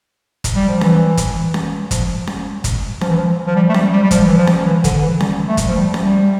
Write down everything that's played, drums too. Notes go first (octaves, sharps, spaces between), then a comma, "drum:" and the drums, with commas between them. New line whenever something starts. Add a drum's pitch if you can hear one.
drum: kick, hi-hat
G3
F3
E3, drum: snare C#4
drum: kick, hi-hat
drum: snare C#4
F3, drum: kick, hi-hat
drum: snare C#4
drum: kick, hi-hat
F3, drum: snare C#4
E3
F3
F3
G3
A3
G3, drum: snare C#4
G3
G3
F3, drum: kick, hi-hat
E3
F3
drum: snare C#4
E3
D3, drum: kick, hi-hat
E3
G3, drum: snare C#4
A3
drum: kick, hi-hat
F3
G3
drum: snare C#4
G3